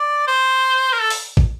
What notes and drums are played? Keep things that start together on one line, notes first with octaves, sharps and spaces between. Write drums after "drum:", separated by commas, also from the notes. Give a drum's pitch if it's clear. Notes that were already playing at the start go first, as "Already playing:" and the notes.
Already playing: D5
C5
A#4
A4
drum: open hi-hat
drum: kick